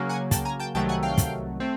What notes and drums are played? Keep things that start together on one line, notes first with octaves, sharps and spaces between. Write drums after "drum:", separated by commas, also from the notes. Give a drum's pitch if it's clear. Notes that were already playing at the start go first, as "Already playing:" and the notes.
Already playing: C#3 F#3 A#3
F#5 G#5
G5 A5, drum: kick, hi-hat
G#5 A#5
G5 A5
C2 C3 D#3 F#3 A3 G5 A5
F#5 G#5
F5 G5
drum: kick, hi-hat
A3 C4